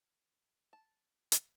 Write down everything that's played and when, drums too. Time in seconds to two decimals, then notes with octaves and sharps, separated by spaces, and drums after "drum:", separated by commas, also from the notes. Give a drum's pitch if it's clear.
0.73 A5
1.32 drum: hi-hat